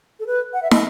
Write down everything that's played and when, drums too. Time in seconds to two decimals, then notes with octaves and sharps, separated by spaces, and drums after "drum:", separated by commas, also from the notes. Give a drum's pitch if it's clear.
0.20 A4
0.27 B4
0.54 F#5
0.63 E5
0.71 D#5, drum: snare